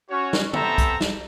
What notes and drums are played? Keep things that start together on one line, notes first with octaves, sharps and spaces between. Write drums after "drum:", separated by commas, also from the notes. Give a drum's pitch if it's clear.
C#4 F#4 C#5
drum: snare
G3 B3 C4 A4 E5 A#5, drum: tom
drum: kick, hi-hat
drum: snare